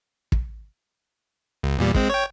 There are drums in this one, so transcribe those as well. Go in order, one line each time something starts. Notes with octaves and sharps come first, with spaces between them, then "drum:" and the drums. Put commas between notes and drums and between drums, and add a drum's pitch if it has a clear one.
drum: kick
C#2
E2 A#2 G3
G#3 C4, drum: kick
C#5 G5